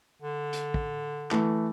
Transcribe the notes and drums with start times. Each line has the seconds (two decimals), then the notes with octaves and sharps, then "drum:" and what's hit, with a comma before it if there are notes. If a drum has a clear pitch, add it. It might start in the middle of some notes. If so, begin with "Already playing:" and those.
0.22 D3
0.53 drum: hi-hat
0.74 drum: kick
1.31 E3 A3, drum: clap